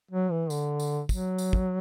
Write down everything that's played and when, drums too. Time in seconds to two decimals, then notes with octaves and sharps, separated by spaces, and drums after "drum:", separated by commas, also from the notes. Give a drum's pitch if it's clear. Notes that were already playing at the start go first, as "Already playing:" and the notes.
0.11 F#3
0.31 E3
0.50 D3, drum: tambourine
0.80 drum: tambourine
1.09 F#3, drum: kick, tambourine
1.38 drum: tambourine
1.53 drum: kick